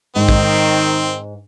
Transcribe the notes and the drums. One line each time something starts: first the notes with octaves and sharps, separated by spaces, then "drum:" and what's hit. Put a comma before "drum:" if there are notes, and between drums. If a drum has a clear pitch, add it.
G#2 D#3 C4 D#4
drum: kick